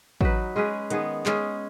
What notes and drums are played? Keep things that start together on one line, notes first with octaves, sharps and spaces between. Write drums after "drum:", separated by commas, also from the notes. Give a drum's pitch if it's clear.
F#3 D#4 B4, drum: kick
G#3 C#4 G#4 B4
D#3 B3 G#4, drum: hi-hat
G#3 C#4 G#4, drum: clap